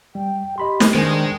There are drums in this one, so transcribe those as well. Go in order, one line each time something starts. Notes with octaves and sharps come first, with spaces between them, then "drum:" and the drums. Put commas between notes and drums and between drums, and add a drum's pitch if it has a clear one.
G3 G5
G4 D#5 B5 C6
drum: snare
D#3 G#3 D4 C5 G#5